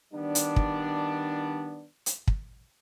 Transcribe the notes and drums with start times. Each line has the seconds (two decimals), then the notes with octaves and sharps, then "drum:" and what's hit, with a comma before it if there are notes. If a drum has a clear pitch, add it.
0.14 D#3 G3 B3 D4
0.35 drum: hi-hat
0.56 drum: kick
2.06 drum: hi-hat
2.28 drum: kick